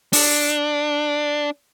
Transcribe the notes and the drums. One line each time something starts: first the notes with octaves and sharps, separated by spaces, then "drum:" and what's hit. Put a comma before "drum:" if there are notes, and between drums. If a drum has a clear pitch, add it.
D4, drum: open hi-hat